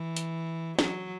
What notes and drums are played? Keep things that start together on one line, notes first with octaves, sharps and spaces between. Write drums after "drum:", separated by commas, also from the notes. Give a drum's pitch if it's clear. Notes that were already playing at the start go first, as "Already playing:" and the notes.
Already playing: E3
drum: hi-hat
F#3, drum: snare